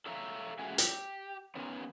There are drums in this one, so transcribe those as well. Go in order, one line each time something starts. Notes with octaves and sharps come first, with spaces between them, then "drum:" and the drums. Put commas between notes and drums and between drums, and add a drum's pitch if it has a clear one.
A4 C#5 E5 F5 A#5
A3 C#4 F#4 G#4 E5 G#5
G4, drum: hi-hat
D#3 B3 C#4